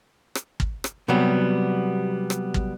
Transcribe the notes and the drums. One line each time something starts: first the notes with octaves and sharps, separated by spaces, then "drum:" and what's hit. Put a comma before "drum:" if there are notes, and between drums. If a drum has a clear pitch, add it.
drum: rim click
drum: kick
drum: rim click
C3 F#3 G3 B3
drum: rim click
drum: kick